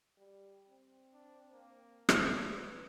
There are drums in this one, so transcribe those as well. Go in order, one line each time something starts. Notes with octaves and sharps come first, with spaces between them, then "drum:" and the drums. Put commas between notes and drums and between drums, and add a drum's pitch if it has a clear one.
G3
C4
D4
A#3
D5, drum: rim click
B4